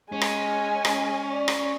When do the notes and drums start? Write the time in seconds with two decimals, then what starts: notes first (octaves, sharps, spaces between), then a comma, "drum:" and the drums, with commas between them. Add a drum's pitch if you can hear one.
0.12 G#3 C#4 G#5
0.21 drum: rim click
0.85 drum: rim click
1.32 D5
1.48 drum: rim click